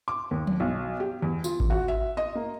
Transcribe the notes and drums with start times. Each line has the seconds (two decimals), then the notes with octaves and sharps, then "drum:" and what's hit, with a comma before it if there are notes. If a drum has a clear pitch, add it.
0.08 D6
0.31 D#2
0.47 drum: tom F3
0.60 B1
1.00 G4
1.22 E2
1.44 F4, drum: tambourine
1.60 drum: kick G#1
1.70 F#4
1.88 E5
2.17 D#5
2.35 A#3